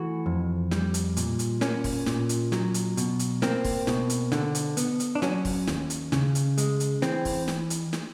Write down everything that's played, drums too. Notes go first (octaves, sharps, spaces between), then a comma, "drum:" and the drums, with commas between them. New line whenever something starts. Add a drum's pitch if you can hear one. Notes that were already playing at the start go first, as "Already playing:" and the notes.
Already playing: E3 A3 F#4
F2
G3, drum: snare
drum: hi-hat
A#2, drum: hi-hat
drum: hi-hat
A#3 C#4, drum: snare
drum: kick, open hi-hat
A#2, drum: snare
drum: hi-hat
F#3, drum: snare
drum: hi-hat
B2, drum: hi-hat
drum: hi-hat
A#3 C4, drum: snare
drum: kick, open hi-hat
B2, drum: snare
drum: hi-hat
D3, drum: snare
drum: hi-hat
B3, drum: hi-hat
drum: hi-hat
D4
F#3 C#4, drum: snare
drum: kick, open hi-hat
D#2, drum: snare
drum: hi-hat
C#3, drum: snare
drum: hi-hat
G#3, drum: hi-hat
drum: hi-hat
E3 C4, drum: snare
drum: kick, open hi-hat
drum: snare
drum: hi-hat
drum: snare